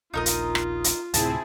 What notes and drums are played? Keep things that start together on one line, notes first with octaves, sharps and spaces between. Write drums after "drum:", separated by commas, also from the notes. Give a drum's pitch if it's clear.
D#1 A#1 D#4 F4 A#4 D#5
drum: hi-hat
drum: rim click
drum: hi-hat
D2 A2 C3 C4 E4 G#4 A5, drum: hi-hat